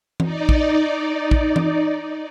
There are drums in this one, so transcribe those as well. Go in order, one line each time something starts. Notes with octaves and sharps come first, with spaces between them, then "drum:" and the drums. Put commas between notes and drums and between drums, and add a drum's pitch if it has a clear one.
D#4 D5, drum: tom E3
drum: kick
drum: kick
drum: tom E3